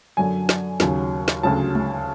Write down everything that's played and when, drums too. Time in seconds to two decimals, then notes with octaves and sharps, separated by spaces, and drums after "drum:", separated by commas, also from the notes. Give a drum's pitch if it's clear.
0.17 F#2 D3 F#3 G#5
0.49 drum: snare
0.80 D#2 C#3 F#3, drum: snare
1.28 drum: snare
1.43 D2 C#3 F#3 A5
1.75 drum: tom G#3